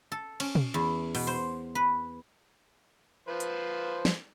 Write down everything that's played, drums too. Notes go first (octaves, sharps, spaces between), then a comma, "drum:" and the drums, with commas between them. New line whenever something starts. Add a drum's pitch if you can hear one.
A4
C#4, drum: cymbal
drum: tom
E2
B2, drum: open hi-hat
C5
B4
F3 B4 C5
drum: hi-hat
drum: snare